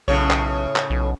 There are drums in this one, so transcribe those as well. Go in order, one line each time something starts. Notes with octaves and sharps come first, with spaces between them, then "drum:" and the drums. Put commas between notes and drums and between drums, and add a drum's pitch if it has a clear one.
B1 A2 C#3 C#5
drum: clap
drum: clap
B1